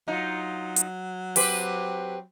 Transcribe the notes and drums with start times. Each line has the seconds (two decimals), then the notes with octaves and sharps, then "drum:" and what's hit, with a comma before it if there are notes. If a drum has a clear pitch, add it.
0.08 F#3 D#4 F4
0.76 drum: hi-hat
1.36 C4 G4 B4, drum: open hi-hat